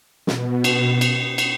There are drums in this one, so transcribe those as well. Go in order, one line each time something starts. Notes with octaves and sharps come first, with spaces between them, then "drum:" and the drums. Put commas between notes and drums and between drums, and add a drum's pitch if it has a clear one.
B2, drum: snare
drum: cymbal
drum: cymbal
drum: cymbal